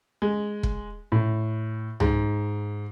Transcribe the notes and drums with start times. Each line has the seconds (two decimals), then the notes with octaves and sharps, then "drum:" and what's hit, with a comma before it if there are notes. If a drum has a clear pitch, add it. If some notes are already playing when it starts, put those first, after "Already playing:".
0.22 G#3
0.63 drum: kick
1.12 A2
2.00 G#2, drum: tom C2